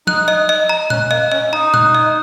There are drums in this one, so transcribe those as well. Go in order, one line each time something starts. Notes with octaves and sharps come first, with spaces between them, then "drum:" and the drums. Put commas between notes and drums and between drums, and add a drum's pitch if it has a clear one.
D#4 F#6, drum: tom
D#5
D#5
A#5
C#4 F#6, drum: tom
A#3 D#5
C#4 D#5
D#4 A#5
F#6, drum: tom
D#5